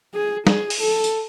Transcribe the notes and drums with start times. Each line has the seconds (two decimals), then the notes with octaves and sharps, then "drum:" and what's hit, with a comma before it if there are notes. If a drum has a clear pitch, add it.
0.14 G#4
0.47 G#4, drum: snare
0.70 drum: open hi-hat
0.80 A4
1.04 drum: tambourine